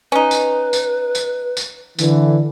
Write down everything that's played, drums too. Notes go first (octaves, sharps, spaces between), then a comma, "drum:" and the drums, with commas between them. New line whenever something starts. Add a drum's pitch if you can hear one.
C#4 D#4 B4
drum: tambourine
drum: tambourine
drum: tambourine
drum: tambourine
D3 E3, drum: tambourine